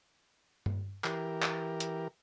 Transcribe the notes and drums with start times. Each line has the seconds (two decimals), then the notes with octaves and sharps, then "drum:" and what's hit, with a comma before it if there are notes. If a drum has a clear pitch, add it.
0.66 drum: tom G2
1.04 E3 G4 A#4, drum: clap
1.42 drum: clap
1.80 drum: hi-hat